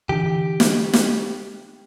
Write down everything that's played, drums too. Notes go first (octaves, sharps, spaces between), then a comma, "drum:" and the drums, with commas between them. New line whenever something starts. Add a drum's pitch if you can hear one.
D3 E3 G4
drum: snare
drum: snare